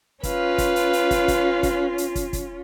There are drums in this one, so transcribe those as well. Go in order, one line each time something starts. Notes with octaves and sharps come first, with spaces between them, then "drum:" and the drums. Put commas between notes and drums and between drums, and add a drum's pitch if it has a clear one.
C#4 F4 B4 F5, drum: kick, hi-hat
drum: kick, hi-hat
drum: hi-hat
drum: hi-hat
drum: kick, hi-hat
drum: kick, hi-hat
drum: kick, hi-hat
drum: hi-hat
drum: kick, hi-hat
drum: kick, hi-hat